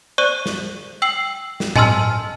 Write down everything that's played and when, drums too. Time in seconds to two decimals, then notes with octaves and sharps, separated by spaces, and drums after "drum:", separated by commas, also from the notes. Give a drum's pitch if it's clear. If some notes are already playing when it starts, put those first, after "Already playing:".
0.18 C5 D5 C#6 F#6 D#7
0.46 drum: snare
1.02 G5 E6 C7 F#7
1.60 drum: snare
1.76 D#5 G#5 A5 C6 E6 F6, drum: tom A2